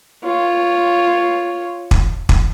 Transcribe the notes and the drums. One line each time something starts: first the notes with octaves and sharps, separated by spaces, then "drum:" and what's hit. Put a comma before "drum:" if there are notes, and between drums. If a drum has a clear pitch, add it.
F4 C#5
drum: kick
drum: kick